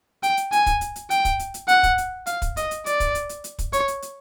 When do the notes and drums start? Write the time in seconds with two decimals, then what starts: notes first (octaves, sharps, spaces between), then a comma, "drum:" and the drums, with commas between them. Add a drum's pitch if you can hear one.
0.23 G5, drum: hi-hat
0.37 drum: hi-hat
0.52 G#5, drum: hi-hat
0.66 drum: kick, hi-hat
0.81 drum: hi-hat
0.96 drum: hi-hat
1.11 G5, drum: hi-hat
1.25 drum: kick, hi-hat
1.39 drum: hi-hat
1.54 drum: hi-hat
1.68 F#5, drum: hi-hat
1.83 drum: kick, hi-hat
1.98 drum: hi-hat
2.26 F5, drum: hi-hat
2.42 drum: kick, hi-hat
2.57 D#5, drum: hi-hat
2.71 drum: hi-hat
2.86 D5, drum: hi-hat
3.00 drum: kick, hi-hat
3.15 drum: hi-hat
3.29 drum: hi-hat
3.44 drum: hi-hat
3.59 drum: kick, hi-hat
3.73 C#5, drum: hi-hat
3.88 drum: hi-hat
4.02 drum: hi-hat